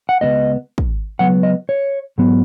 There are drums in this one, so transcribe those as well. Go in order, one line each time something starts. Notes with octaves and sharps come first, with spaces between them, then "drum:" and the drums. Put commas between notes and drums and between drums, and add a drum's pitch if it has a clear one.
F#5
C#2 C#3 B3 D#5
drum: kick
C#2 B2 F#3 B3 F#5
D#5
C#5
G#2 F#3 B3